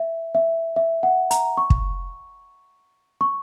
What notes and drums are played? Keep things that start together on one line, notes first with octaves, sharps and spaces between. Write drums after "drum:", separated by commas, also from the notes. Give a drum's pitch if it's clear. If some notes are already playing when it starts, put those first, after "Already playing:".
Already playing: E5
E5
E5
F#5
A#5, drum: hi-hat
C#6
drum: kick
C#6